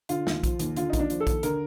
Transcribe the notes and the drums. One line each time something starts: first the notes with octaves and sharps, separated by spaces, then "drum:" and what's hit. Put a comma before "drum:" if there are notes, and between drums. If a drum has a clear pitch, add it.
D3 F4, drum: hi-hat
D#2, drum: snare
F3, drum: kick A#1, hi-hat
D#2, drum: hi-hat
D3 F4, drum: hi-hat
D#4
D#2, drum: kick A#1, hi-hat
D4
F3, drum: hi-hat
A4
D#2, drum: kick A#1, hi-hat
D3 A#4, drum: hi-hat